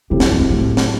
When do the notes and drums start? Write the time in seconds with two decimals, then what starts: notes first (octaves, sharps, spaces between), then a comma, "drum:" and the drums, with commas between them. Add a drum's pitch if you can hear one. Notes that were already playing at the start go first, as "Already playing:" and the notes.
0.10 C3 F#3 A3 C4 E4 G4
0.20 D#3, drum: snare
0.30 F#2
0.40 G2
0.50 A2
0.77 drum: snare